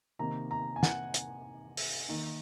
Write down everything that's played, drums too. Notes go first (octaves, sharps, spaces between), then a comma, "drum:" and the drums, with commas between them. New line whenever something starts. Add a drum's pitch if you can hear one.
C3 D#3 A#3 D#4 A#5
A#5
G#5
F#5, drum: snare
drum: hi-hat
drum: open hi-hat
D#3 A#3 D#4